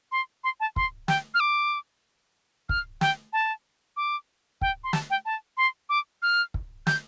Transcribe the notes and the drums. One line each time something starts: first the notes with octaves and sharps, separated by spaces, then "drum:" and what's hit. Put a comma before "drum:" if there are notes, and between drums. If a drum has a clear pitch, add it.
C6
C6
A5
C6, drum: kick
G5, drum: snare
F6
D6
F6, drum: kick
G5, drum: snare
A5
D6
G5, drum: kick
C6
A5, drum: snare
G5
A5
C6
D6
F6
drum: kick
G6, drum: snare